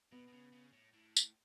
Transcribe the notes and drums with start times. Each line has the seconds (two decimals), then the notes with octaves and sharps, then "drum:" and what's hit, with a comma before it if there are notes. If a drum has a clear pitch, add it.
0.12 B2 B3
0.28 B2
0.33 C#3
0.52 C#3
0.73 A2
0.93 A2
1.17 drum: tambourine